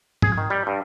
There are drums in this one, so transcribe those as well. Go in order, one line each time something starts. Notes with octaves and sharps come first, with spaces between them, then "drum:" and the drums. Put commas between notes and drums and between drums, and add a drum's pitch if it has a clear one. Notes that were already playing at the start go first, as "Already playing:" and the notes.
G#4, drum: tom G#2
D#3
G3
G2